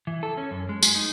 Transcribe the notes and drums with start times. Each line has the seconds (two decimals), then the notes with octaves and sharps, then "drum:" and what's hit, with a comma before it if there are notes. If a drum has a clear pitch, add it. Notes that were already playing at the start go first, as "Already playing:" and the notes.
0.07 E3
0.23 A4
0.37 C#4
0.51 F#2
0.69 G#3
0.83 G#3, drum: tambourine
0.95 D#4